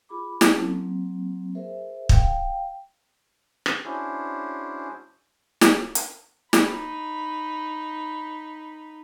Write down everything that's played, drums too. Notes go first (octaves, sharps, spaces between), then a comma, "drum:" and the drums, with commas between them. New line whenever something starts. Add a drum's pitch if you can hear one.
F4 G#4 B5 D6
C#4 E4 A4 A5, drum: snare
F#3 A#3 C4
G#4 A#4 C5 E5
F5 G5, drum: kick
drum: rim click
C#4 D4 E4 F#4 G#4 C5
drum: snare
drum: hi-hat
D#4 B5, drum: snare